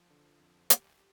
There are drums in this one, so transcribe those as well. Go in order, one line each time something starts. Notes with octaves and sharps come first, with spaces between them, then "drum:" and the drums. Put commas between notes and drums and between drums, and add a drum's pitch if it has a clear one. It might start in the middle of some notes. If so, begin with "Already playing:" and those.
Already playing: F3
D3
F2
G4, drum: hi-hat